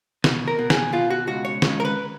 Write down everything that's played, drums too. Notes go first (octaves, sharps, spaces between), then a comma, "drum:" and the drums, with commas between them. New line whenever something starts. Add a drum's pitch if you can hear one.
B2, drum: snare
A#4
B2
G#4, drum: snare
B2 F4
F#4
C#2 F#4
C#5
C#2 C#5, drum: snare
A#4
B4